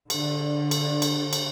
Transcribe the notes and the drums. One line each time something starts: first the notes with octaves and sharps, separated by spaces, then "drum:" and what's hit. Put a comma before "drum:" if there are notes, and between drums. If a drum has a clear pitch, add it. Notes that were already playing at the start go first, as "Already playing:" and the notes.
D3, drum: cymbal
drum: cymbal
drum: cymbal
drum: cymbal